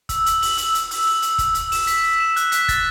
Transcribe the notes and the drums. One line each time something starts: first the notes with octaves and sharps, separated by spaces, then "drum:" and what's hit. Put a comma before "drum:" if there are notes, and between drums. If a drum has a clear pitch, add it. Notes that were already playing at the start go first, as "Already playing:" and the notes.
E6, drum: kick, hi-hat
F#7, drum: hi-hat
F#7, drum: open hi-hat
E6, drum: hi-hat
E6, drum: hi-hat
E6, drum: open hi-hat
F#7
E6, drum: hi-hat
E6, drum: kick, hi-hat
E6, drum: hi-hat
E7, drum: open hi-hat
B6, drum: hi-hat
B6
E7
F#6, drum: hi-hat
B6, drum: hi-hat
A6, drum: kick, hi-hat